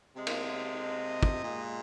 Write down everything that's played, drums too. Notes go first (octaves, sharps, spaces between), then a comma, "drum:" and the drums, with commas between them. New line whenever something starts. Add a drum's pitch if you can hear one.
C3 G#3
drum: cymbal
D#5
drum: kick
A#2 G#3